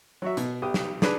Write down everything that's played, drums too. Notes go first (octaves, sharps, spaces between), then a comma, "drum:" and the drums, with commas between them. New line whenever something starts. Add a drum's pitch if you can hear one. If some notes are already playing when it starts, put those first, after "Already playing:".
F#3 F#4 E5
B2, drum: hi-hat
B1 G4 D#6
drum: snare
D4 G#4 B4, drum: snare